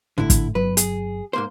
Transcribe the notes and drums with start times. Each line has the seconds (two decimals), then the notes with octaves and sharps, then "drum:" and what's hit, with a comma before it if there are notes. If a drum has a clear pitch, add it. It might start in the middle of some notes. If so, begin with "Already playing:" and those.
0.18 G#1 A2 D3 E4
0.30 drum: kick, hi-hat
0.55 G1 F#3 B4
0.77 G#4, drum: hi-hat
1.33 G#2 A#3 C5